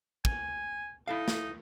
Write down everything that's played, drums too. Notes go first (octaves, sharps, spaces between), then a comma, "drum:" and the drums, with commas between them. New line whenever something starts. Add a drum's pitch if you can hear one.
G#5, drum: kick
D#4 E4 A4 F5
drum: snare